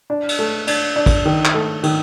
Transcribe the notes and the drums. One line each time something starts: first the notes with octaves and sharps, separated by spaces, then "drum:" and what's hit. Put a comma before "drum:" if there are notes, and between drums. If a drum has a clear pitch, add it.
D4
drum: cymbal
A3
D4, drum: cymbal
D4
drum: kick, cymbal
D#3
drum: clap
A3
D#3, drum: cymbal